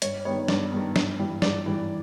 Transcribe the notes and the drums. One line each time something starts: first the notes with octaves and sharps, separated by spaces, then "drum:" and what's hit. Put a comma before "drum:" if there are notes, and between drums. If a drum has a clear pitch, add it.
G2 C#5, drum: hi-hat
D#3 G3 B3 C#5
G2 D5, drum: snare
D#3 G3 B3
G2, drum: snare
E3 G3
G2 D5, drum: snare
E3 G3